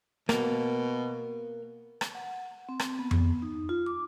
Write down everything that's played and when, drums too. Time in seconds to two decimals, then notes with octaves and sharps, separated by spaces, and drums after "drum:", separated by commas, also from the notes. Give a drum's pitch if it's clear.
0.29 B2 A#3, drum: rim click
2.01 drum: rim click
2.15 F#5
2.69 C4
2.79 drum: rim click
2.99 B3
3.11 drum: tom F2
3.42 D#4
3.69 F4
3.86 D6